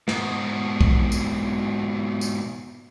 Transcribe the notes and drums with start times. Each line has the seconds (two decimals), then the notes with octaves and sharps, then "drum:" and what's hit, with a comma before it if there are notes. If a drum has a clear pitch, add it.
0.08 G#2 B2, drum: snare
0.81 drum: kick B1
1.12 drum: tambourine
2.21 drum: tambourine